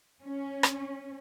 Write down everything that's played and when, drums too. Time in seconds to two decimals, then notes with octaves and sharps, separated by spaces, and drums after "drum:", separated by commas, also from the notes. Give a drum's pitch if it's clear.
0.23 C#4
0.63 drum: rim click